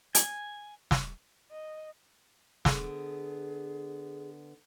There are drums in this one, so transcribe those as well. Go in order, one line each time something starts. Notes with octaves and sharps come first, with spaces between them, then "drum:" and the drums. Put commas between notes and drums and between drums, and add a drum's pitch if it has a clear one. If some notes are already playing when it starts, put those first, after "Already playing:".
G#5, drum: hi-hat
drum: snare
D#5
D3 B3 G#4, drum: snare